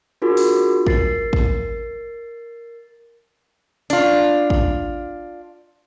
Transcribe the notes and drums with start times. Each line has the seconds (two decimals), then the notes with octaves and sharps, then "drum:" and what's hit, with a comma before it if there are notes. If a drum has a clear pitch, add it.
0.22 D4 F4 F#4 G#4 A#4
0.37 drum: open hi-hat
0.86 A#4 A6 C7, drum: kick
1.33 drum: kick
3.90 D4 F4, drum: hi-hat
4.50 drum: kick